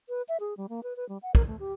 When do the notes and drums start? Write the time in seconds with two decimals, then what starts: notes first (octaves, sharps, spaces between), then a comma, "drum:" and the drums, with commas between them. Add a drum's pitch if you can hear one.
0.09 B4
0.28 E5
0.40 G#4
0.57 G3
0.69 A#3
0.83 B4
0.96 B4
1.09 G3
1.23 F#5
1.35 A#4, drum: kick
1.47 A3
1.59 G4